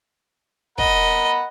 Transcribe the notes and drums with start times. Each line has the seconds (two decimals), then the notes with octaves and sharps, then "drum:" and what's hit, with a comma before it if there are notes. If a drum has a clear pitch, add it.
0.78 A#4 D#5 F#5 B5, drum: kick